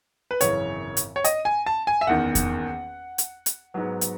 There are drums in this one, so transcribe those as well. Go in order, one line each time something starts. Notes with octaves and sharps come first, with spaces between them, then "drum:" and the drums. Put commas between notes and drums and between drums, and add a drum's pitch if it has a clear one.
B4
G#1 F#2 C#3 E3 C#5, drum: hi-hat
drum: hi-hat
C#5
D#5, drum: hi-hat
G#5
A5
G#5
E5
F#1 E2 D#3 F#5
drum: kick E2, hi-hat
drum: hi-hat
drum: hi-hat
G#2 F#3 B3
drum: hi-hat